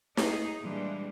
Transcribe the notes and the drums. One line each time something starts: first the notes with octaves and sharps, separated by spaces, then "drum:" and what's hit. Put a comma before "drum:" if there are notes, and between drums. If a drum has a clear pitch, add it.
D#4 G#4, drum: snare
A#2 E3 G3 G#3 D4